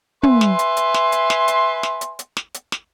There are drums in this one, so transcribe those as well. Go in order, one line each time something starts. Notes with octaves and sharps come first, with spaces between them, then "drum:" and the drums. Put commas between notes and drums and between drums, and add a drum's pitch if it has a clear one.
B4 E5 G#5 C6, drum: tom
drum: snare
drum: hi-hat
drum: hi-hat
drum: snare
drum: hi-hat
drum: snare
drum: hi-hat
drum: snare
drum: hi-hat
drum: hi-hat
drum: snare
drum: hi-hat
drum: snare